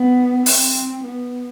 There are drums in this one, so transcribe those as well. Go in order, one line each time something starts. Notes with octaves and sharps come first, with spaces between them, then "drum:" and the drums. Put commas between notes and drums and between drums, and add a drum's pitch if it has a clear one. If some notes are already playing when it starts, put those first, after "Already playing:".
Already playing: B3
C4, drum: open hi-hat
B3